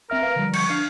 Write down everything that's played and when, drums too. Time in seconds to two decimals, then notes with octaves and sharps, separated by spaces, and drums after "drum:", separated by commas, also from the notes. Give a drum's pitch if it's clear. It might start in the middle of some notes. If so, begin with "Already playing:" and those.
0.10 C4 A#4 E5 F6
0.22 B4 F5
0.36 D3 F3 G3
0.54 C#6, drum: cymbal
0.70 D4 F5